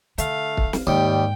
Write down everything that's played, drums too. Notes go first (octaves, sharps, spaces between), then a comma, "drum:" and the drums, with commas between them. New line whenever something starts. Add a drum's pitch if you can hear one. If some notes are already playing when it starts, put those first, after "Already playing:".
D3 A3 F5, drum: hi-hat
drum: kick
drum: snare
D#2 G#2 G3 G5